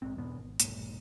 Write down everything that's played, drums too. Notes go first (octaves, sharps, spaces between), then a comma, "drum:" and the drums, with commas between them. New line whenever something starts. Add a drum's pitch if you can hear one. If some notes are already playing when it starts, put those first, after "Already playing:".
A#1 G#2 C4
E2 G#2 B2 B3
G#1
F1 B1 G#2 A#3, drum: hi-hat